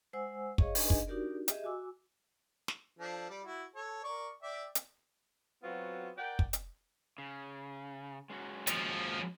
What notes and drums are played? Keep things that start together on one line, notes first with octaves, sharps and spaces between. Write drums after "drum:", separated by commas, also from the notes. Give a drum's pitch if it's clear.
G#3 C5 F#5 G#5 E6
G#4 C#5 D#5 F5 C#6, drum: kick
D4 D#4 G#4 B4 D#5 G#5, drum: open hi-hat
drum: kick
D4 D#4 F#4 G4 A#4 D5
G4 G#4 D#5 E5, drum: hi-hat
F#4 G#5 D6 E6
drum: snare
F3 D4 A4
G3 D5
E4 F#4
A4 C#5
A#4 D5 C#6
D5 E5 G5
drum: hi-hat
F#3 B3 C4 F4 F#4
A#4 D5 F#5 G5
drum: kick
drum: hi-hat
C#3
G#3 C#4 F#4
D#2 F3, drum: hi-hat